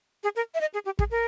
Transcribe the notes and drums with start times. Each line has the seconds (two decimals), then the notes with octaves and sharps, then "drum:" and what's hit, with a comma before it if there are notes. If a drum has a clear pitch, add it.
0.24 G#4
0.36 A#4
0.54 E5
0.61 D#5
0.74 G#4
0.85 G4
0.99 G#4, drum: kick
1.11 A#4